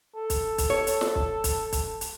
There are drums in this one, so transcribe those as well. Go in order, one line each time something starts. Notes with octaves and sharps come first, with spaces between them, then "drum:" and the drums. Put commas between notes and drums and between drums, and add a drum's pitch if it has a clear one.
A4
drum: kick B1, hi-hat
drum: kick B1, hi-hat
C#5
drum: hi-hat
drum: snare
drum: kick B1
drum: kick B1, hi-hat
drum: kick B1, hi-hat
drum: hi-hat